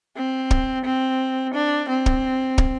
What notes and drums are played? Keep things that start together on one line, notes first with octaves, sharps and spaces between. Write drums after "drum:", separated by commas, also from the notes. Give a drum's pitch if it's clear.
C4
drum: kick
C4
D4
C4
drum: kick
drum: kick